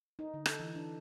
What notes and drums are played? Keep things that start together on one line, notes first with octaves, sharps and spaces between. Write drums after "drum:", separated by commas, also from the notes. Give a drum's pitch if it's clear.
D#4
D3
A4, drum: rim click
E3
D4